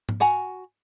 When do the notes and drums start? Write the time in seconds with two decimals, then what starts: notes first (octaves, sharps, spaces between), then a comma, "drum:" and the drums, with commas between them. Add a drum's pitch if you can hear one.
0.09 drum: tom G#2
0.20 F#4 F#5 G#5 A#5